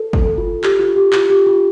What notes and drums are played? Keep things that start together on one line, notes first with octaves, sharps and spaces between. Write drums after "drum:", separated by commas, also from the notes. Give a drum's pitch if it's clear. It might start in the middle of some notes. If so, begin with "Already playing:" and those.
Already playing: A4
A4, drum: kick
F4
G4, drum: clap
F4
G4
F4, drum: clap
G4
F4